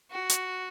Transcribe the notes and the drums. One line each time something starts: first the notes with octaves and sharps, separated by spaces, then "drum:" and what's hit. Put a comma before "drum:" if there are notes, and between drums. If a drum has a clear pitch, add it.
F#4
drum: hi-hat